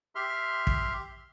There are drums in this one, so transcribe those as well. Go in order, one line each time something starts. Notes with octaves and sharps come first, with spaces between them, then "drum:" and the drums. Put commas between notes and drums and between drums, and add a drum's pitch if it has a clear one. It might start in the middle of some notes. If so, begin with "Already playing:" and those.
G4 E5 C6 F6
drum: kick